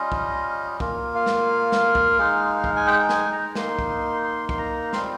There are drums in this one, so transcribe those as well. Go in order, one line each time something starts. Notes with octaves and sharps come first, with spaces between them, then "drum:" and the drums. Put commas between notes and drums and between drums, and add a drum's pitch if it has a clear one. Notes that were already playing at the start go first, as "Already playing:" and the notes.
Already playing: G3 C#4 F4 D#5
drum: kick
A#3 F4, drum: kick
F5
drum: snare
drum: snare
drum: kick
G#3 D#4
drum: kick
G#5
G5
G5
G#5, drum: snare
A#5
A#3 D#4 C6, drum: snare
drum: kick
C6
C6, drum: kick
A#5
G3 C4 F4 C6, drum: snare